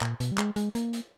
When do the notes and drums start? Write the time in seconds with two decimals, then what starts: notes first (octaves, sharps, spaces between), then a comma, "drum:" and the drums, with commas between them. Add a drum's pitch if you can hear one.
0.01 A#2, drum: clap
0.20 B2, drum: hi-hat
0.32 G3
0.38 G#3, drum: clap
0.56 G#3, drum: hi-hat
0.75 A#3, drum: hi-hat
0.93 drum: hi-hat